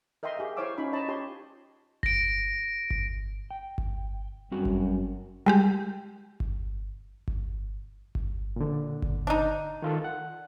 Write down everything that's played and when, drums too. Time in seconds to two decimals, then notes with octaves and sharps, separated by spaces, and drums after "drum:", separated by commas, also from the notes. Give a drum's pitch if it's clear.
0.23 A#4 D#5 E5 G5 C6
0.37 G4 G#4 E5 F5
0.57 E4 C5 C#5 F5 D6 E6
0.78 C#4 D#4 F4 B5
0.93 C#5 D#5 A5 B5
1.08 F4 G4 C#5 A5 C6
2.03 A#6 D7, drum: kick G1
2.90 drum: kick G1
3.51 G5
3.78 drum: kick G1
4.51 F#2 G3 C4 F#4
4.65 drum: kick G1
5.46 G3 G#3 G4
6.40 drum: kick G1
7.28 drum: kick G1
8.15 drum: kick G1
8.56 A#2 D3
9.02 drum: kick G1
9.27 D4 D#4
9.82 D#3 F4 A4
10.04 F#5